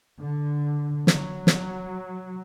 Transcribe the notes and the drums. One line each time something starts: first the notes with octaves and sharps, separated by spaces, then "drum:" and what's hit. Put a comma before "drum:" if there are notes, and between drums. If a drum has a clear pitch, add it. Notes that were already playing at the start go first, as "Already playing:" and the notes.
D3
F#3, drum: snare
drum: snare